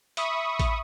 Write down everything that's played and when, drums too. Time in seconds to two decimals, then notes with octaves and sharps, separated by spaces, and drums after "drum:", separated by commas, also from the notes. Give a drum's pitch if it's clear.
0.17 E5 B5 C#6 D#6, drum: hi-hat
0.59 drum: kick A1, hi-hat